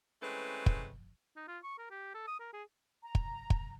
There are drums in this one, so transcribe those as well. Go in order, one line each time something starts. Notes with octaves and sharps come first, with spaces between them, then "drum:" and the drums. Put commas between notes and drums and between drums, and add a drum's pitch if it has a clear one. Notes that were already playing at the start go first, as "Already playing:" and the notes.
E3 G#3 A3 C4 C#4 B4
drum: kick
D#4
F4
C#6
A#4
G4
A4
D#6
A#4
G#4
A#5
drum: kick
drum: kick